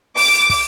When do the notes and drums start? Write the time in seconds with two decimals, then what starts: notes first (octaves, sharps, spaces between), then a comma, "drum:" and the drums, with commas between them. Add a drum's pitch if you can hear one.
0.17 D6, drum: open hi-hat
0.33 drum: hi-hat
0.50 drum: kick, open hi-hat